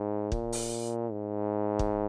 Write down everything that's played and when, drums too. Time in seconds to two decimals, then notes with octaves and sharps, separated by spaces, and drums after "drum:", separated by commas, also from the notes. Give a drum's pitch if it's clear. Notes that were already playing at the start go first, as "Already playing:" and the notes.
Already playing: G#2
0.32 A#2, drum: kick
0.52 drum: open hi-hat
1.11 G#2
1.79 drum: kick